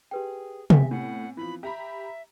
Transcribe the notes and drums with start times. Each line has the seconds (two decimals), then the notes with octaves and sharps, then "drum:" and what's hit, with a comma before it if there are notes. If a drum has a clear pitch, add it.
0.11 G4 G#4 B4 G5
0.70 B3 C4 E5 G#5, drum: tom C3
0.91 A2 F#5
1.37 E3 F3 B5
1.63 G4 E5 A#5 B5